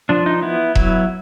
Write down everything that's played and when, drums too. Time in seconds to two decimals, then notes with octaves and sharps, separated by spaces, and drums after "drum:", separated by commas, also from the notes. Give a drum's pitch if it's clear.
0.09 F3 D4
0.26 D#4
0.42 B3 E4
0.75 F#3 E4, drum: kick E1